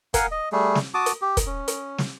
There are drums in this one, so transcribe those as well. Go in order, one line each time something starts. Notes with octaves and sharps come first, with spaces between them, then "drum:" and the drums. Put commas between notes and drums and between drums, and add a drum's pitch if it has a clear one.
A#4 F5 F#5 G#5, drum: kick, hi-hat
D#5
G3 A3 G#4
drum: snare
F#4 A5 D6 D#6
drum: hi-hat
G4
drum: kick, hi-hat
C#4
drum: hi-hat
drum: snare